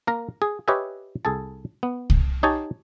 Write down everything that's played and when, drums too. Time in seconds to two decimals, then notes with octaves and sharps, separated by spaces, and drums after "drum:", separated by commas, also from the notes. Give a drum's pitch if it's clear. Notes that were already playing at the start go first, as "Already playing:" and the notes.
0.07 A#3 A#4 A#5
0.42 G#4
0.68 G4 B4 C#5 D#5 E5 G#5
1.25 C2 G#4 A4 A5
1.83 B3
2.10 drum: kick C2
2.43 D#4 G4 C#5 G#5 A5